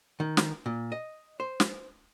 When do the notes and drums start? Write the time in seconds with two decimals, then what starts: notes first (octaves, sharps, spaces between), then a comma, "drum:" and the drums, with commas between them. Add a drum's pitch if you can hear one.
0.20 D#3
0.37 drum: snare
0.66 A#2
0.92 D#5
1.40 C5
1.60 drum: snare